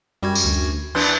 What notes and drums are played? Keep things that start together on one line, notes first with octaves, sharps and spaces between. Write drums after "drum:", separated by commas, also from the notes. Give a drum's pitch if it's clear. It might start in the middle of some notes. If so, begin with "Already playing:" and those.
F#2 G3 F#4 G#6
drum: tambourine
D2
E3 D4 C6, drum: cymbal